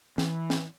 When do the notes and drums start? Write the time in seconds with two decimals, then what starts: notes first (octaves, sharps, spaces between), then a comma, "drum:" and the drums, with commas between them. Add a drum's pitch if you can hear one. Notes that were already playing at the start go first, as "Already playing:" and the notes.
0.18 E3, drum: snare
0.50 drum: snare